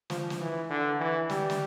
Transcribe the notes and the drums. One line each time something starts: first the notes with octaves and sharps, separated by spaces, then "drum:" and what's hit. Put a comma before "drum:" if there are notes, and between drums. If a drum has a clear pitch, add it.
F3, drum: snare
drum: snare
E3
D3
E3
G3, drum: snare
drum: snare